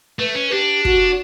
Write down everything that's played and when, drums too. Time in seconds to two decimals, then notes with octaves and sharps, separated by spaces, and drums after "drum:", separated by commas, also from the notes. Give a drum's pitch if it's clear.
0.19 A3 B4
0.35 C#4
0.51 D4 G4
0.85 F#4, drum: kick